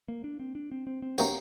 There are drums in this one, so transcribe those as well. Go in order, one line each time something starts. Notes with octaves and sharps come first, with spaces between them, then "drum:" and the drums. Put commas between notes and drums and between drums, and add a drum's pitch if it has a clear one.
A#3
D4
C4
D4
C4
C4
C4
C3 F#3 A#3 D4 F#4 C5, drum: tambourine